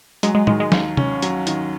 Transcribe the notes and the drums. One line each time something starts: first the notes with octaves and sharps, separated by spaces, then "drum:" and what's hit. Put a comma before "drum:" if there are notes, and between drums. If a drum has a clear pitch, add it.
F#3 G#3, drum: hi-hat
G#3
D#3 G#3, drum: tom A2
G#3
D#2, drum: snare
C#4, drum: tom C3
F#3, drum: hi-hat
D#3, drum: hi-hat